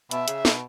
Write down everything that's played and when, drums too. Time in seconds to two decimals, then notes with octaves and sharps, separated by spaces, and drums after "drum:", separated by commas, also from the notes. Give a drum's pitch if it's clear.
0.11 B2 E5, drum: hi-hat
0.28 C#3, drum: hi-hat
0.45 B2, drum: snare